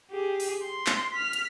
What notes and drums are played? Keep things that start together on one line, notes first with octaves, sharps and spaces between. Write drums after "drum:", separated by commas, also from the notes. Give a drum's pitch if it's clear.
G4 G#4
drum: open hi-hat
C6
drum: clap
F6 B6
drum: hi-hat